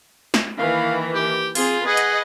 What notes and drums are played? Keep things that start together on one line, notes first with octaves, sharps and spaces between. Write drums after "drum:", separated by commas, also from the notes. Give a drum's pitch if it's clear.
drum: snare
D#3 E3 A#3 F5
G4
C4 F4 G#4, drum: open hi-hat
G#4 B4 D#5 F#5
drum: hi-hat